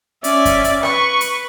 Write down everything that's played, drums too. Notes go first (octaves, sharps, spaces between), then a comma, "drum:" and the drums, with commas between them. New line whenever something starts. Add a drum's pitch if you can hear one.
C#4 D5 E5, drum: hi-hat
drum: kick F2, hi-hat
drum: hi-hat
B4 C#6, drum: rim click
drum: hi-hat